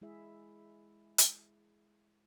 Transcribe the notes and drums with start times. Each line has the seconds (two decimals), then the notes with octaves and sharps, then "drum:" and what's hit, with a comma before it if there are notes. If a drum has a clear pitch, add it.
0.02 G#3 E4 G#4 E5
1.18 drum: hi-hat